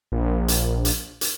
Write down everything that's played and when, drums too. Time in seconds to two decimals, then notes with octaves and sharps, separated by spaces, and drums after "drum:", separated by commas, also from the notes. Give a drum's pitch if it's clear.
0.12 A#1
0.48 drum: hi-hat
0.85 drum: hi-hat
1.21 drum: hi-hat